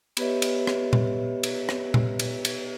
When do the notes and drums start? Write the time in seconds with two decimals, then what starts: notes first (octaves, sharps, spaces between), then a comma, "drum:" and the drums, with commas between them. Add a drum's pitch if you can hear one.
0.17 B3 G4 B4 C#5 D#5 E5, drum: cymbal
0.42 drum: cymbal
0.67 drum: rim click
0.93 drum: tom A#2
1.43 drum: cymbal
1.69 drum: rim click
1.94 drum: tom A#2
2.19 drum: cymbal
2.45 drum: cymbal